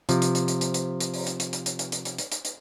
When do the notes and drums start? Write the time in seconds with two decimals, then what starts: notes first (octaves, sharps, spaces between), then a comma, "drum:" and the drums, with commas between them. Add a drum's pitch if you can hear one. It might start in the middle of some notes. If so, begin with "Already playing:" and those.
0.09 C3 F3, drum: hi-hat
0.22 drum: hi-hat
0.35 drum: hi-hat
0.48 drum: hi-hat
0.61 drum: hi-hat
0.74 drum: hi-hat
1.00 drum: hi-hat
1.14 drum: open hi-hat
1.27 drum: hi-hat
1.40 drum: hi-hat
1.53 drum: hi-hat
1.66 drum: hi-hat
1.79 drum: hi-hat
1.92 drum: hi-hat
2.05 drum: hi-hat
2.18 drum: hi-hat
2.32 drum: hi-hat
2.45 drum: hi-hat